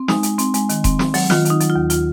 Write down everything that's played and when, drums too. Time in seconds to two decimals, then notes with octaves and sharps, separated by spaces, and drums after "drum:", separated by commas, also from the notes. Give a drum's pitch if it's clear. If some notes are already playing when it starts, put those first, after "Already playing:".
Already playing: C4
0.08 G#3 D#4, drum: snare
0.23 G#3, drum: hi-hat
0.38 C4, drum: hi-hat
0.54 G#3, drum: hi-hat
0.69 D#3, drum: hi-hat
0.84 C4, drum: kick E1, hi-hat
0.99 C4, drum: snare
1.14 F#3, drum: open hi-hat
1.30 D#3 F4, drum: snare
1.45 D#3, drum: hi-hat
1.50 D#4
1.60 F#3, drum: hi-hat
1.70 F4
1.76 D#2
1.90 F4, drum: hi-hat